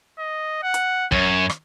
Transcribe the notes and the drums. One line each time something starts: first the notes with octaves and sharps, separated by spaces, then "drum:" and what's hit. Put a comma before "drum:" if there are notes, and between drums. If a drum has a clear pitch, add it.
D#5
F#5
drum: hi-hat
F#2 C#5, drum: kick
drum: rim click